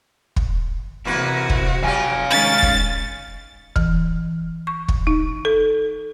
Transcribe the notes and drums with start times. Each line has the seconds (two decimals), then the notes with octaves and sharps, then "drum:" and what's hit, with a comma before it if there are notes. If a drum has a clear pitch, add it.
0.36 drum: kick
1.05 E2 C3 A#3 F#4 B4
1.49 drum: kick
1.83 F#3 F4 G4 F5 G#5
2.31 D#3 G#3 C#4 D#4 A6
2.62 drum: kick
3.76 E3, drum: kick
4.67 C#6
4.88 drum: kick
5.07 D#4
5.45 A4